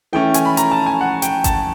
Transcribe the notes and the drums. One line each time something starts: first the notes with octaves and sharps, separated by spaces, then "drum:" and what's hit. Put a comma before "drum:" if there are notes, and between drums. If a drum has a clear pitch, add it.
E3 A3 C#4 G5
G#5, drum: hi-hat
B5
A#5, drum: hi-hat
A5
G#5
F#5
G5, drum: hi-hat
A5, drum: kick G#1, hi-hat